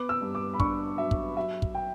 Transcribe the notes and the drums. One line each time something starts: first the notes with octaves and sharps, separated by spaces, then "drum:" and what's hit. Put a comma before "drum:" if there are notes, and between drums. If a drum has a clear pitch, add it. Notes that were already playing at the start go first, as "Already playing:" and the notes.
Already playing: B3 D6
E6
G2
D6
B5
D4 C#6, drum: kick
F#3 E5
drum: kick
F#3 E5
drum: kick
G5